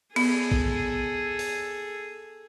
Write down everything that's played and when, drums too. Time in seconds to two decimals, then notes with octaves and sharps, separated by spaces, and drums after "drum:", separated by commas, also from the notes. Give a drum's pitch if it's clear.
0.16 B3 G#4 A4, drum: cymbal
0.52 drum: kick A1
1.39 drum: open hi-hat